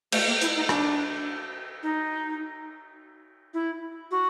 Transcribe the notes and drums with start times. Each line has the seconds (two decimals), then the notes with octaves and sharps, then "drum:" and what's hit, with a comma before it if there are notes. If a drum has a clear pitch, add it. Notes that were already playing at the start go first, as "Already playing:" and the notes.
0.12 A3, drum: cymbal
0.27 A#3
0.41 E4, drum: hi-hat
0.56 D#4
0.69 D4, drum: rim click
1.83 D#4
3.54 E4
4.11 F#4